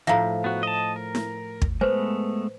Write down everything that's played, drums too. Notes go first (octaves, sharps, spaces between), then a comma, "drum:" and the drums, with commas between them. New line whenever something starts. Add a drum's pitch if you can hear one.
A2 F3 E5 F5 A#5
B3 F#4
D#5 A5
A#4
drum: snare E4
drum: kick
G#3 A3 B3 B4 C5